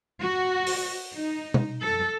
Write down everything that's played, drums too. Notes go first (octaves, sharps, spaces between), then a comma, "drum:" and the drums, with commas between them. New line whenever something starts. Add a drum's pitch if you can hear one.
F#4
drum: open hi-hat
D#4
drum: tom
A4